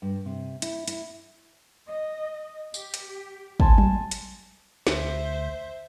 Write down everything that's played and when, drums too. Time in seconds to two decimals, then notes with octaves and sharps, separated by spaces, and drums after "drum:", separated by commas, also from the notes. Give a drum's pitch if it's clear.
0.02 G2
0.26 C3
0.62 E4, drum: hi-hat
0.88 E4, drum: hi-hat
1.88 D#5
2.74 G4, drum: tambourine
2.94 drum: hi-hat
3.60 G#5 A5 C6, drum: kick
3.78 drum: tom F#3
4.11 drum: hi-hat
4.87 D2 C5 E5, drum: snare